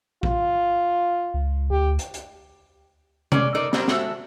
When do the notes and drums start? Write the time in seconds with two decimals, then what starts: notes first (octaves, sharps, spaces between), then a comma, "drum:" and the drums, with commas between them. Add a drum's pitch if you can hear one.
0.23 F4, drum: kick A#1
1.34 C#2
1.70 D2 G4
1.99 drum: hi-hat
2.14 drum: hi-hat
3.32 G#3 A#3 C#4 D5, drum: tom C3
3.55 D#4 A4 A#4 C5 D5
3.73 F#3 G3 A#3 C4 C#4, drum: snare
3.88 G#3 F#4 A4 E5, drum: snare